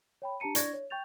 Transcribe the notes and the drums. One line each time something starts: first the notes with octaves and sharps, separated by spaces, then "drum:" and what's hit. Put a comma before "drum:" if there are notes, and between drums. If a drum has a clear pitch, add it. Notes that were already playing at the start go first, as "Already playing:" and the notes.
C#5 G5 B5
D4 G4 A5 A#5 C#7 D#7
D4 E4 D5 C#6 G#6 A#6, drum: hi-hat
C#5
G5 C#6 G6 A6 F7